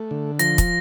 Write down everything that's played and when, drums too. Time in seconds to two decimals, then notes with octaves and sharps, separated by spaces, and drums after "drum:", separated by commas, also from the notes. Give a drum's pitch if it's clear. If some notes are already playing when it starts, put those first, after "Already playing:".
Already playing: A3
0.11 D3
0.39 F3 A#6, drum: hi-hat
0.58 drum: kick, hi-hat